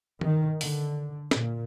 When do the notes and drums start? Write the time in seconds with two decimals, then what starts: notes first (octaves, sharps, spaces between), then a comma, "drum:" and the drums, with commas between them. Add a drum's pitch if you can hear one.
0.21 D#3, drum: tom
0.61 D3, drum: open hi-hat
1.31 A#2, drum: snare